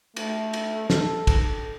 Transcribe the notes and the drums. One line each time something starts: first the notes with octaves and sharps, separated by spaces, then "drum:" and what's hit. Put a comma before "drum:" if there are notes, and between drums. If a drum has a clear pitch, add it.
A3, drum: cymbal
drum: cymbal
A4, drum: snare
drum: kick, cymbal